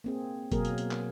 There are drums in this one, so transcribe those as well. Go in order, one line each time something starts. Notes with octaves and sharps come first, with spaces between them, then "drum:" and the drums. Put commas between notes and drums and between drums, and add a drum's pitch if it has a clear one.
A#3 C4 G#4
B2 F#3 A#3 G#4 A#4, drum: kick F#1, hi-hat
drum: hi-hat
drum: hi-hat
drum: clap